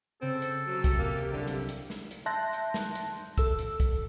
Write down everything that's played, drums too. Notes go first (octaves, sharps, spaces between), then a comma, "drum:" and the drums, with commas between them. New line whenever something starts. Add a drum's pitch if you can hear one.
C#3 C4 A4
drum: hi-hat
C3 F#3 G4
drum: kick, hi-hat
A#3 F#6
D3 F#3 G3 E4
drum: hi-hat
drum: hi-hat
drum: snare
drum: hi-hat
E5 A5 C6 F#6 G6 A#6
drum: hi-hat
drum: snare
drum: hi-hat
A4 E6, drum: kick, hi-hat
drum: hi-hat
drum: kick, hi-hat